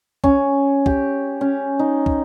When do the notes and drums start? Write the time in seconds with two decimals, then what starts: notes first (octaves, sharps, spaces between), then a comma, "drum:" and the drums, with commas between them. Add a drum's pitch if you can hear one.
0.24 C#4, drum: kick
0.86 G4, drum: kick
1.41 C#4
1.79 D#4
2.06 drum: kick